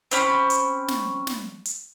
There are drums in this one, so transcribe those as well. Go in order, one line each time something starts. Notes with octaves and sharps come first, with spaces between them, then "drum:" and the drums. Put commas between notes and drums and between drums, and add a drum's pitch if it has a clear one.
C4 C#4 B5, drum: hi-hat
drum: hi-hat
drum: snare
drum: snare
drum: hi-hat